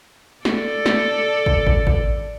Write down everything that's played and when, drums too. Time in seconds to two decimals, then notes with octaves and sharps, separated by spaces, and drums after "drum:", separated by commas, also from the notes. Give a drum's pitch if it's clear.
0.45 A4 D5, drum: snare
0.86 drum: snare
1.46 drum: kick
1.67 drum: kick
1.87 drum: kick